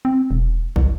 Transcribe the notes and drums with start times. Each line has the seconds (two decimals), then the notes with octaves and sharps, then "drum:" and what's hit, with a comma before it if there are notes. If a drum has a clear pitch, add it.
0.05 C4
0.31 E1
0.76 C2, drum: kick